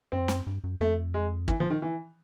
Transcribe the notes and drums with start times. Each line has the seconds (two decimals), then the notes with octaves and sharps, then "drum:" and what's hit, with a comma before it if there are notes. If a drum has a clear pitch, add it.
0.12 F#2 C4
0.20 F2
0.28 F#2, drum: snare
0.47 G2
0.64 F#2
0.80 F2 A3
1.14 G#3
1.48 E3, drum: kick
1.60 F3
1.70 D#3
1.82 E3